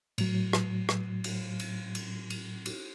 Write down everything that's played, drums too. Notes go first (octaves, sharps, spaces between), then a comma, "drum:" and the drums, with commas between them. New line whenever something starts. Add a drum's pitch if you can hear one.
A2 F#3, drum: cymbal
drum: rim click
drum: rim click
drum: cymbal
drum: cymbal
drum: cymbal
drum: cymbal
drum: cymbal